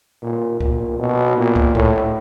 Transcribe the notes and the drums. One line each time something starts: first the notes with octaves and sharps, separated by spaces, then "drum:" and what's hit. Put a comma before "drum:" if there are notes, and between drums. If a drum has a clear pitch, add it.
A#2
A#2, drum: kick
B2
A#2
drum: kick
A2, drum: kick